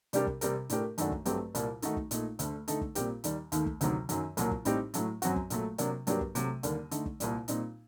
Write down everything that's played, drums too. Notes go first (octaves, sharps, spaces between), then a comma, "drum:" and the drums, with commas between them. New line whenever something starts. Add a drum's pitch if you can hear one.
C3 G3 D4 G4 A#4, drum: hi-hat
drum: kick
C3 G3 C4 G4 A#4, drum: hi-hat
A2 A3 D4 G4 A#4, drum: hi-hat
F#2 D#3 A3 D4 F#4, drum: hi-hat
drum: kick
G2 F#3 A3 C4 G4, drum: hi-hat
C2 A#2 G3 A#3, drum: hi-hat
D#3 A3 D#4 F#4, drum: hi-hat
drum: kick
A#2 A3 D#4, drum: hi-hat
D2 D3 A3, drum: hi-hat
D3 A3 D#4 A4, drum: hi-hat
drum: kick
A#2 G3 C4 G4 A#4, drum: hi-hat
D#2 D#3 G3, drum: hi-hat
D#2 D#3 A3, drum: hi-hat
drum: kick
D2 C3 D#3 F#3, drum: hi-hat
F#2 D#3 F#3, drum: hi-hat
C2 A#2 F#3 A#3, drum: hi-hat
drum: kick
A2 G3 C4 D#4 G4, drum: hi-hat
A2 F#3 A3, drum: hi-hat
F#2 F#3 C4 F#4, drum: hi-hat
drum: kick
A#2 F#3 A3, drum: hi-hat
C3 F#3 A#3 D4, drum: hi-hat
G2 F#3 A#3 D4 G4, drum: hi-hat
drum: kick
C3 F#3 A3, drum: hi-hat
D#2 D3 G3 A#3 D4, drum: hi-hat
D3 A3 D#4, drum: hi-hat
drum: kick
C2 A#2 G3, drum: hi-hat
A#2 G3 C4 D#4, drum: hi-hat